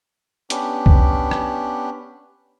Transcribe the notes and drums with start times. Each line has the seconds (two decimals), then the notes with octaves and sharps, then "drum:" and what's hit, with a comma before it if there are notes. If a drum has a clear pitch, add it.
0.50 B3 C#4 D4 G4, drum: hi-hat
0.86 drum: kick
1.31 drum: rim click